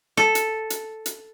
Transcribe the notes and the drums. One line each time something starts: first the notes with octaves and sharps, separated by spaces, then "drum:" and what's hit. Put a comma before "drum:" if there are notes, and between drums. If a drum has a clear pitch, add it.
A4, drum: snare
drum: hi-hat
drum: hi-hat
drum: hi-hat